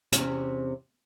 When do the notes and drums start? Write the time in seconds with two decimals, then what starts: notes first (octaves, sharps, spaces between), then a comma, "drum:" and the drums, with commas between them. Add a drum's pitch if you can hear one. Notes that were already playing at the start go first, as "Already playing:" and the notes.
0.12 E2 C3 C#4, drum: hi-hat